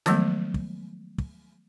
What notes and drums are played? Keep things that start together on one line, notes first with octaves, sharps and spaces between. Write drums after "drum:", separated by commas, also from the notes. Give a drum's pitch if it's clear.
D#3 F3 F#3 G#3 A3 B3, drum: snare
drum: kick
drum: kick